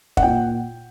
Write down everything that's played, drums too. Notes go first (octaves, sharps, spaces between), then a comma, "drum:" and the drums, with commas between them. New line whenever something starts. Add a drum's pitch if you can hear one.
F#5, drum: kick
A#2 G5